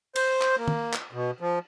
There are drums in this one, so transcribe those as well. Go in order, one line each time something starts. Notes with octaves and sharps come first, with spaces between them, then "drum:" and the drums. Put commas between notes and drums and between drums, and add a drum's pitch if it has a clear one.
C5, drum: cymbal
drum: clap
A#3
drum: tom
drum: clap
B2
F3